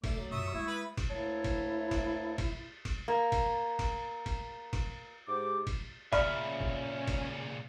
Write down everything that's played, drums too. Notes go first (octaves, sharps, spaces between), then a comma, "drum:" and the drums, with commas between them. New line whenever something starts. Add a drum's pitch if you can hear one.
D3 A3 D5, drum: kick, cymbal
D2 F#3
F#2 A#2 E5 C#6 D#6
G#3 A#3 E4
B4 B5 D#6
drum: kick, cymbal
D2 A#3 E4 C#5 A5
drum: kick, cymbal
drum: kick, cymbal
drum: kick, cymbal
drum: kick, cymbal
A#3
drum: kick, cymbal
drum: kick, cymbal
drum: kick, cymbal
drum: kick, cymbal
G#2 G4 D6
drum: kick, cymbal
A#2 C#3 D5 E5 B5 F6, drum: kick, cymbal
C#4
drum: kick
drum: kick, cymbal